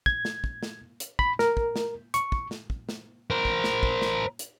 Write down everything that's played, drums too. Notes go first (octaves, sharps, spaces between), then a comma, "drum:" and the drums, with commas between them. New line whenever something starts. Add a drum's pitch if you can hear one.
G#6, drum: kick
drum: snare
drum: kick
drum: snare
drum: hi-hat
B5, drum: kick
A#4, drum: snare
drum: kick
drum: snare
C#6, drum: hi-hat
drum: kick
drum: snare
drum: kick
drum: snare
A#4 C5
drum: kick
drum: snare
drum: kick
drum: snare
drum: hi-hat